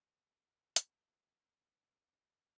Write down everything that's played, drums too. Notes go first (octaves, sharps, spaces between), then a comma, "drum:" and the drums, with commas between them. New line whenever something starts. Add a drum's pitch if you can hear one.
F#3 A#3 B3 F4 G#4, drum: hi-hat